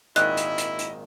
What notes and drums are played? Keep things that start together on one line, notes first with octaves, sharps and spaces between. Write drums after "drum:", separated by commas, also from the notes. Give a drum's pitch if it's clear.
G#1 A#2 D#3 E4 D#5 F#6, drum: hi-hat
drum: hi-hat
drum: hi-hat
drum: hi-hat